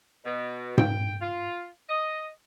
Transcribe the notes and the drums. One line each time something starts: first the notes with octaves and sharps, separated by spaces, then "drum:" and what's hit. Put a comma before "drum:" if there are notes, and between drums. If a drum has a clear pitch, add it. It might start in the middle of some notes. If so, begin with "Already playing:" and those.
B2
G5, drum: tom G#2
F4
D#5